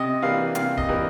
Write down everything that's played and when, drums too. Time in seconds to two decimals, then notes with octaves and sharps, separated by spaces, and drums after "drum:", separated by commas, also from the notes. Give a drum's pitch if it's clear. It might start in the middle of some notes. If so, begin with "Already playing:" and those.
Already playing: C3 D#5
0.22 E3 G3 A#3 F5
0.55 C3 F5, drum: hi-hat
0.77 D#5, drum: kick
0.88 E3 G3 A#3